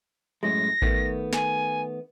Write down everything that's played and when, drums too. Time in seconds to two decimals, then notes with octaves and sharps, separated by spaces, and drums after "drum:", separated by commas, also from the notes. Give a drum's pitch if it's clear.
0.43 F#2 A2 G#3 A#6
0.82 D#3 A3 B3, drum: kick A1
1.33 G#5, drum: snare